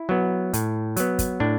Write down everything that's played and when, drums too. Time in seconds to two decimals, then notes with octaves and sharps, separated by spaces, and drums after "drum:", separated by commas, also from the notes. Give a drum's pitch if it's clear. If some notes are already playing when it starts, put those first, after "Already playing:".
Already playing: E4
0.09 F#3 B3
0.53 A2, drum: hi-hat
0.96 F#3 B3, drum: hi-hat
1.19 drum: kick, hi-hat
1.40 A2 D4